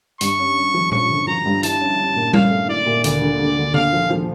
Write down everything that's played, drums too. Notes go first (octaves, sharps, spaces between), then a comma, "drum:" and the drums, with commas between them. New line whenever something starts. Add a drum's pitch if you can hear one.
G2 C#6, drum: hi-hat
C#4
C#4
F3
C#4 C#6, drum: tom A#2
D3
F3 A#5
G2
E4 A5, drum: hi-hat
C#4
C#4
A#2
C#4 F5, drum: tom G3
A3
E4 D5
A#2
D2 D5, drum: hi-hat
D3
D3
D2
D2 F5, drum: tom C#3
F3
F3